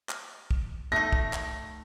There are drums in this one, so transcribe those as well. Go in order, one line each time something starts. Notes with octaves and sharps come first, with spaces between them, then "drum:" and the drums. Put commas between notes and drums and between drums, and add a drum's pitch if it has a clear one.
drum: clap
drum: kick
A3 D#4 A#6
drum: kick
drum: clap